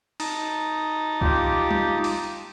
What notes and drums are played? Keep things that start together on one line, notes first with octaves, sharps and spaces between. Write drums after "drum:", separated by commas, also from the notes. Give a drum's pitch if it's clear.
D#4 A5 A#5, drum: open hi-hat
F4 G4, drum: kick
drum: tom
drum: open hi-hat